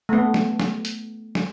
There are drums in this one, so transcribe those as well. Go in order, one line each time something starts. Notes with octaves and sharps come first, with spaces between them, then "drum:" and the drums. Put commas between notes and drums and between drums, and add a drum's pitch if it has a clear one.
A3 B3
drum: snare
drum: snare
drum: hi-hat
drum: snare